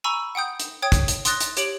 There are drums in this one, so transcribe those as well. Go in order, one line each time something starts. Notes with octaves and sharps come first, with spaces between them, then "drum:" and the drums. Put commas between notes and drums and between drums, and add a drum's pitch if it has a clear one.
G#5 A#5 B5 C#6 E6
F#5 G5 D#6 G6
drum: hi-hat
C#5 G5 D#6 G#6
drum: kick, hi-hat
drum: hi-hat
C6 D#6 F#6 A6 A#6, drum: hi-hat
drum: hi-hat
G4 C#5 D7 F#7, drum: hi-hat